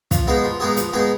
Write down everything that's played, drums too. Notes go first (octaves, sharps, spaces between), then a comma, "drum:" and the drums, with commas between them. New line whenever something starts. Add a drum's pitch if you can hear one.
F3, drum: kick, hi-hat
G#3 B3 D#4 G#4
F3
G#3 B3 D#4 G#4
F3, drum: hi-hat
G#3 B3 D#4 G#4